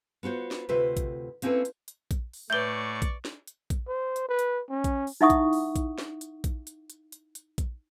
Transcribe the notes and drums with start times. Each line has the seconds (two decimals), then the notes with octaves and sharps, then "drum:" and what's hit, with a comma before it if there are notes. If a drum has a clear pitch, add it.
0.23 B3 F4 F#4 C5
0.51 drum: snare
0.69 D2 C3 F4 B4 C5 E5
0.97 drum: kick A#1, hi-hat
1.42 A#3 C4 C#4 E4 A4 B4, drum: hi-hat
1.65 drum: hi-hat
1.88 drum: hi-hat
2.11 drum: kick A#1, hi-hat
2.33 drum: open hi-hat
2.50 A2 B4 C#5 D5 E5 C#6 G6 G7
3.02 drum: kick A#1, hi-hat
3.25 drum: snare
3.47 drum: hi-hat
3.70 drum: kick A#1, hi-hat
3.88 C5
4.16 drum: hi-hat
4.28 B4
4.39 drum: hi-hat
4.70 C#4
4.84 drum: kick A#1, hi-hat
5.07 drum: open hi-hat
5.21 D#4 E4 E5 F#5 C#6 D#6
5.30 drum: kick A#1, hi-hat
5.53 drum: open hi-hat
5.76 drum: kick A#1, hi-hat
5.98 drum: snare
6.21 drum: hi-hat
6.44 drum: kick A#1, hi-hat
6.67 drum: hi-hat
6.90 drum: hi-hat
7.12 drum: hi-hat
7.35 drum: hi-hat
7.58 drum: kick A#1, hi-hat